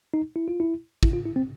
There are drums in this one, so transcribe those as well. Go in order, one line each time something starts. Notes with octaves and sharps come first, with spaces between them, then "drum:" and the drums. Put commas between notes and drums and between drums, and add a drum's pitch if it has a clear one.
D#4
E4
F4
E4
E4, drum: kick
F4
E4
C4